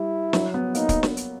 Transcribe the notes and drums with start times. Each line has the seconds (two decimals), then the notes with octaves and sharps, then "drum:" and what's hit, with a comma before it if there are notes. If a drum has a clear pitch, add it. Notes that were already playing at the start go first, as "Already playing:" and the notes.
Already playing: G3 E4
0.33 F#3, drum: snare
0.54 B3
0.75 A#3 D#4, drum: hi-hat
0.89 drum: kick, hi-hat
1.03 drum: snare
1.17 drum: hi-hat